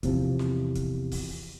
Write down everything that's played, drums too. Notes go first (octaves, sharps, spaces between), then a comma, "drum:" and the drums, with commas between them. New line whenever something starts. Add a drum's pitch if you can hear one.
E2 C3 F3, drum: kick, hi-hat
drum: snare
drum: kick, hi-hat
drum: kick, open hi-hat